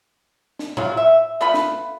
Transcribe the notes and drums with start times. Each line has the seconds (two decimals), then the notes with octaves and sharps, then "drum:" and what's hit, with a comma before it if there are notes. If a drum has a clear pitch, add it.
0.59 drum: snare
0.77 F#3 G#3 F4, drum: tom A2
0.97 E5
1.41 A3 B3 F4 B5
1.54 drum: snare